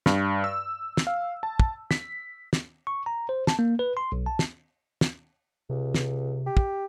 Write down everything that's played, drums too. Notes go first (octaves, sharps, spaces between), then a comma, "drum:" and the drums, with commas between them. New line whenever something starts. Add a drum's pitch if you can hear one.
G2, drum: snare
E6
drum: snare
F5
A5
drum: kick
B6, drum: snare
drum: snare
C#6
A#5
C5
A5, drum: snare
A#3
B4
C6
B1
A5
drum: snare
drum: snare
C#2 C3
drum: snare
G4
drum: kick